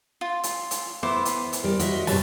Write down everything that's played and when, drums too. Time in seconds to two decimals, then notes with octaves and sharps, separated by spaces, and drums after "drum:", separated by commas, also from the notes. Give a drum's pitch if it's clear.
0.21 F4
0.43 drum: hi-hat
0.71 drum: hi-hat
1.03 B3 E4 C5 D6
1.25 drum: hi-hat
1.53 drum: hi-hat
1.63 G3 A#4
1.79 F#4 D#5 E5, drum: hi-hat
2.07 G2 C3 F#3 A5, drum: open hi-hat